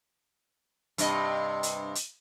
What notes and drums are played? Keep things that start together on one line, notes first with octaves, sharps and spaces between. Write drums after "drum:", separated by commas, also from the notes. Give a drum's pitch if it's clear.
G2 C3 D#5, drum: hi-hat
drum: hi-hat
drum: hi-hat